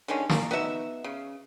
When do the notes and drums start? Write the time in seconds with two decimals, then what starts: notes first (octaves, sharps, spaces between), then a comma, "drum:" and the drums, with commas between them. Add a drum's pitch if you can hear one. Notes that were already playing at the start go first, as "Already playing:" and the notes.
0.08 D3 D#3 G#3 C#4
0.30 A#3, drum: snare
0.51 B3 D#4 F#4 E5
1.04 C#3